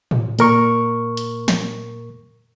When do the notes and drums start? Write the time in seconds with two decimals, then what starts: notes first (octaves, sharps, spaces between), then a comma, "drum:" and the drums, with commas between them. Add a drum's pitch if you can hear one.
0.11 drum: tom A2
0.39 A#2 A#4 C#6, drum: hi-hat
1.17 drum: hi-hat
1.48 drum: snare